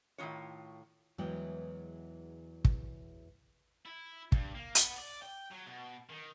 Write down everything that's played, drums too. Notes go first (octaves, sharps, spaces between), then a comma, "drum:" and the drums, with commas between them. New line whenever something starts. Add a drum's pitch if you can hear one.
A2 D#3 G#3 F4 C#5
E2 E3 F#3 G#3 E4 G5
drum: kick
E4
G2, drum: kick
A#3
B3, drum: hi-hat
D5
G5
F#3
B2
D#3